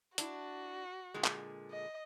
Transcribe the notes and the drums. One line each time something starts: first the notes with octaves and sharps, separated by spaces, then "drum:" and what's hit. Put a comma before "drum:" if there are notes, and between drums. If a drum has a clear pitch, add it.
D4 E4 F#4, drum: hi-hat
A#2 D3 G#3
drum: clap
D#5